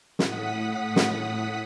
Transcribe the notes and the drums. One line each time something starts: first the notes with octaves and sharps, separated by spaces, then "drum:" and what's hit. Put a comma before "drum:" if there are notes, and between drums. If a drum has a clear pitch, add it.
A2 F#5 D#6 B6, drum: snare
drum: snare